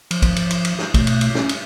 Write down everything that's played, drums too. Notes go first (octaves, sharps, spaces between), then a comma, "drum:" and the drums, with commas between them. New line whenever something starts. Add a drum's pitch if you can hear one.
F3, drum: cymbal
drum: kick, cymbal
drum: cymbal
drum: cymbal
drum: cymbal
drum: snare
B2 A3, drum: kick, cymbal
drum: cymbal
drum: cymbal
C#4, drum: snare
drum: cymbal